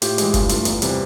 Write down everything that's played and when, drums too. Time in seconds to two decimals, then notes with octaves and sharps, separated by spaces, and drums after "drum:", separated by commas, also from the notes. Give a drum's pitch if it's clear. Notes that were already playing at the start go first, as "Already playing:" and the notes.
0.02 A2 F4 G4, drum: hi-hat
0.18 E3 G#3, drum: hi-hat
0.34 G2 F4, drum: kick, hi-hat
0.49 E3 A3 F4, drum: hi-hat
0.65 E2, drum: hi-hat
0.82 C3 E3 G3, drum: hi-hat